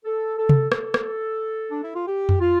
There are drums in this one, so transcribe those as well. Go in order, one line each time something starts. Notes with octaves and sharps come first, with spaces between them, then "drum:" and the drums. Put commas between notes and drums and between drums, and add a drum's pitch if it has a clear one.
A4
A4
drum: tom C3
A4, drum: rim click
drum: rim click
D4
E4
F4
G4
drum: tom F2
F4